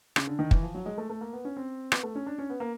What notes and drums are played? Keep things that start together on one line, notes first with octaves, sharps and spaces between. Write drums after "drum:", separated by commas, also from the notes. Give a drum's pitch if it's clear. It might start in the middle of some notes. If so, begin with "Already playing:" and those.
C#3, drum: rim click
D3
D#3
E3, drum: kick
F3
F#3
G#3
A3
A3
A#3
B3
C#4
C4
B3, drum: rim click
A3
C#4
D4
C#4
B3
A#3